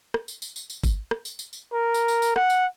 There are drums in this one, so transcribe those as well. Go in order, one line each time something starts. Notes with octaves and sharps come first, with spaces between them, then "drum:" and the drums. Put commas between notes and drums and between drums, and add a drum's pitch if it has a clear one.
drum: rim click
drum: tambourine
drum: tambourine
drum: tambourine
drum: tambourine
drum: kick, tambourine
drum: rim click
drum: tambourine
drum: tambourine
drum: tambourine
A#4
drum: tambourine
drum: tambourine
drum: tambourine
F#5, drum: rim click
drum: tambourine